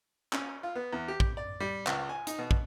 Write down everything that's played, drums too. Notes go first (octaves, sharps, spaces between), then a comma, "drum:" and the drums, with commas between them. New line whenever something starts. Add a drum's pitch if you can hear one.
C#4, drum: clap
F4
B3
E2
G4
drum: kick
D5
G3
C#2, drum: clap
G#5
D#4, drum: hi-hat
B2
drum: kick